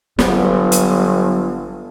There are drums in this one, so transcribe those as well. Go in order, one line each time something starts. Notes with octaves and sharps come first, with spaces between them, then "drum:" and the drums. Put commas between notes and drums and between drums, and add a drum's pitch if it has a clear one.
G1 F#3 B3, drum: snare
drum: hi-hat